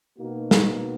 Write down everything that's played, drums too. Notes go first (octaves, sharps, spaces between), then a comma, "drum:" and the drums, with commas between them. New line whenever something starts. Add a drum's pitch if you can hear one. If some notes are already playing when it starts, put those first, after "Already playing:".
B2 A#3 D#4 F#4
drum: snare